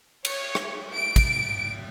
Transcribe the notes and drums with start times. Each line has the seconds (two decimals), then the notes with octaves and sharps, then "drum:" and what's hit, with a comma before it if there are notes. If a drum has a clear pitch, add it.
0.25 C#5, drum: cymbal
0.55 drum: rim click
0.94 D7
1.16 drum: kick, cymbal